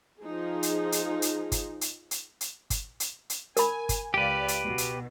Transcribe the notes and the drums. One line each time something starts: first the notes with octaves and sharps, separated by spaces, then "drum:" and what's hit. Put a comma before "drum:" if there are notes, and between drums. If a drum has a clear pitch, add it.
F3 D#4 G#4
drum: hi-hat
drum: hi-hat
drum: hi-hat
drum: kick G1, hi-hat
drum: hi-hat
drum: hi-hat
drum: hi-hat
drum: kick G1, hi-hat
drum: hi-hat
drum: hi-hat
A#4 G#5 B5, drum: hi-hat
drum: kick G1, hi-hat
C#2 G4 B4 D5 F5
drum: hi-hat
B1 B2
drum: hi-hat